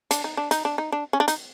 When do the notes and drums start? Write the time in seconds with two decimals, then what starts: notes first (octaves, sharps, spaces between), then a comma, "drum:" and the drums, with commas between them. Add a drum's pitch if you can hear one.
0.11 D4, drum: hi-hat
0.24 D#4
0.37 D4
0.51 D#4, drum: hi-hat
0.65 D4
0.78 D#4
0.92 D4
1.13 C#4
1.20 D4
1.28 D#4, drum: hi-hat